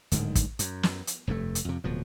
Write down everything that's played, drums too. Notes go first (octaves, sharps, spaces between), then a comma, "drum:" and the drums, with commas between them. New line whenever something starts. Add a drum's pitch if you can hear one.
D1 G#2 D3 D#3, drum: hi-hat
drum: kick, hi-hat
F#2, drum: hi-hat
drum: snare
drum: hi-hat
F1 G2 C#3 A3
drum: hi-hat
F2 C3
D1 B2 F3